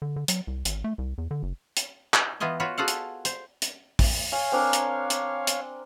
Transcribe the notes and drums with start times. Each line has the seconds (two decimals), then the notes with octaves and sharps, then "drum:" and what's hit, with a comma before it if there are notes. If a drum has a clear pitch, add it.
0.02 D3
0.16 D3
0.28 F#3, drum: hi-hat
0.47 C2
0.65 G#1, drum: hi-hat
0.84 A3
0.98 C2
1.18 E2
1.31 D3
1.43 F#1
1.77 drum: hi-hat
2.14 drum: clap
2.40 E3 B3 F4 D#5 G#5
2.60 F4 F#4 B4 C#5
2.78 F4 F#4 G#4 A4 F5 F#5
2.88 drum: hi-hat
3.25 C5, drum: hi-hat
3.62 drum: hi-hat
3.99 drum: kick, open hi-hat
4.32 C#5 F5 G#5
4.52 C4 D4 A#4
4.73 drum: hi-hat
5.10 drum: hi-hat
5.47 drum: hi-hat